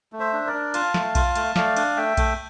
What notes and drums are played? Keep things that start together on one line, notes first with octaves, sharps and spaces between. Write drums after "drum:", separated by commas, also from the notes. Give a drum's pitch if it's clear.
A3
C5 E5
D4
A#4 D5
D4
F4 F5 A5, drum: cymbal
A3, drum: snare
F4, drum: kick B1, cymbal
A3, drum: cymbal
A3 D5 F5, drum: snare
D4, drum: cymbal
A3 E5 G5
A3, drum: kick B1, cymbal